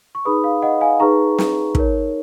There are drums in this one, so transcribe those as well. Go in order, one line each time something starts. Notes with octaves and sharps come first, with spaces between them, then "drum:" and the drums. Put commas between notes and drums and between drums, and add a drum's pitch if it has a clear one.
C#6
D#4 G#4 B4 B5 D#6
F5
D#5 F#5
F5 G#5
D#4 G#4 B4 A#5 C#6
drum: snare
D#4 A#4 C#5, drum: kick